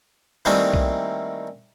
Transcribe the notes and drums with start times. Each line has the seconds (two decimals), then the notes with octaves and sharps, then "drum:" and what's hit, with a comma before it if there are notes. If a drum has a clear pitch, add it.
0.45 D#3 E3 G3 A3 A#3 C4
0.74 drum: kick